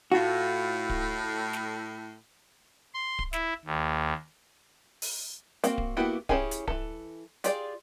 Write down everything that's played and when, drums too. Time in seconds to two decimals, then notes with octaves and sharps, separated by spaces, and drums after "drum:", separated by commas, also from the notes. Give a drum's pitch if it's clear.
0.12 A2 F4 F#4
0.90 drum: kick D1
1.53 drum: snare
2.94 C6
3.19 drum: kick D1
3.33 E4, drum: snare
3.65 D#2
5.02 drum: open hi-hat
5.64 A#3 C4 F#4 F5, drum: hi-hat
5.78 drum: kick D1
5.97 A#3 B3 E4 F#4 G4
6.29 C#4 E4 G4 G#4 G#5, drum: kick D1
6.51 drum: hi-hat
6.68 E3 A4, drum: kick D1
7.44 F4 G4 G#4 D5, drum: hi-hat